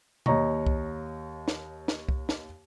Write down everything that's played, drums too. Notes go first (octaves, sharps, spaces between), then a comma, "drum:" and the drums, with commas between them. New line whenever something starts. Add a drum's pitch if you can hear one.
D#2 C#5 D#5 A#5 C#6, drum: tom B2
drum: kick C2
drum: snare
drum: snare
drum: kick C2
drum: snare